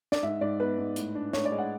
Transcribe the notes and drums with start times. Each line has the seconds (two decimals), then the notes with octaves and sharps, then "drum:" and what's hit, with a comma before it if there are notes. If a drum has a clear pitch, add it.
0.12 D5, drum: snare
0.23 G#2 E5
0.41 G#2 D5
0.60 B3 B4
0.78 G#2
0.96 A2, drum: hi-hat
1.15 D4
1.33 A2 C#5, drum: snare
1.45 D5
1.52 G#3
1.58 F#5